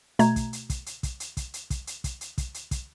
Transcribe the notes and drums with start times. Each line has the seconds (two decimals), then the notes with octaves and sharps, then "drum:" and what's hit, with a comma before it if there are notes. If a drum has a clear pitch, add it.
0.19 B2 A3 A#5 G#6, drum: hi-hat
0.36 drum: kick, hi-hat
0.53 drum: hi-hat
0.70 drum: kick, hi-hat
0.86 drum: hi-hat
1.03 drum: kick, hi-hat
1.20 drum: hi-hat
1.37 drum: kick, hi-hat
1.54 drum: hi-hat
1.70 drum: kick, hi-hat
1.87 drum: hi-hat
2.04 drum: kick, hi-hat
2.21 drum: hi-hat
2.38 drum: kick, hi-hat
2.54 drum: hi-hat
2.71 drum: kick, hi-hat